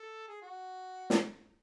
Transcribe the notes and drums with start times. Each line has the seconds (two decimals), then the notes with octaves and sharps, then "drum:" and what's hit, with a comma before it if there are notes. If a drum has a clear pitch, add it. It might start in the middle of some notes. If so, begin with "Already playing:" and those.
Already playing: A4
0.28 G#4
0.42 F#4
1.10 drum: snare